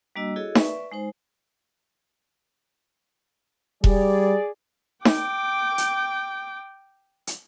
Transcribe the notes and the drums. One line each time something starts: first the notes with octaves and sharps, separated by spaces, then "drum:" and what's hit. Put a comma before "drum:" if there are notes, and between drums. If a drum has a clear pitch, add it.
G3 A#3 D4 F#4 D#5 E6
E4 F#4 G#4 A4 C#5 D#5
B4 D5 E5 C#6, drum: snare D#4
G#3 D#4 C5
G3 G#4 D5, drum: kick E1
G5 D6, drum: snare D#4
drum: hi-hat
drum: hi-hat